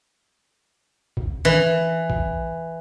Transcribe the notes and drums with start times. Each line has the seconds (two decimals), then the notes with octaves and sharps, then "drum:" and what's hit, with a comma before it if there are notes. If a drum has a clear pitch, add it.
1.17 drum: kick A#1
1.45 E3
2.10 drum: kick A#1